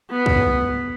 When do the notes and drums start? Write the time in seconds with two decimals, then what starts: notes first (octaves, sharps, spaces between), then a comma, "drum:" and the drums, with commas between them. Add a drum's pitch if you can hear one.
0.11 B3
0.26 drum: kick